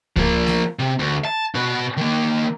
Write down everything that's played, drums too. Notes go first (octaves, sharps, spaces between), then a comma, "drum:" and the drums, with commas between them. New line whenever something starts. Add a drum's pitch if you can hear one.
F3 A#3, drum: kick C#2
drum: snare A3
C3
D2
A5
B2 B4
D#3 A#3